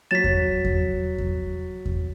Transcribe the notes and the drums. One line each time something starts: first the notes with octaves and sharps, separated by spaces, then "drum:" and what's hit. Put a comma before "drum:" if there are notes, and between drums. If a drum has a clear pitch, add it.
F#3 A6 B6 E7
drum: kick E2
drum: kick E2
drum: kick E2
drum: kick E2